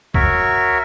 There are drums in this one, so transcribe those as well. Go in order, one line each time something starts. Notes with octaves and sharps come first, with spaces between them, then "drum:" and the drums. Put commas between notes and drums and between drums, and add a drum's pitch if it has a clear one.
F#4 A#4 C#5 E5, drum: kick